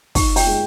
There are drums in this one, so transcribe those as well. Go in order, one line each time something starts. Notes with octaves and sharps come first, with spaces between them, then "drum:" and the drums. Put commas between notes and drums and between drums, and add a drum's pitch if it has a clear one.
D#4 C#6, drum: kick, open hi-hat
G5, drum: open hi-hat
G#3